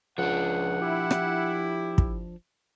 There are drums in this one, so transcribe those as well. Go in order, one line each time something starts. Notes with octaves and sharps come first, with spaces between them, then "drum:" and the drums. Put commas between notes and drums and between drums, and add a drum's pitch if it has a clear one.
C#2 F3 D4 F#5
E4 G4
drum: rim click
drum: kick